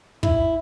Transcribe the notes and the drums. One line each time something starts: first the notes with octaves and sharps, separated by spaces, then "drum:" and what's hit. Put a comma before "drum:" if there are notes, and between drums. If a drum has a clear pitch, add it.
E4, drum: kick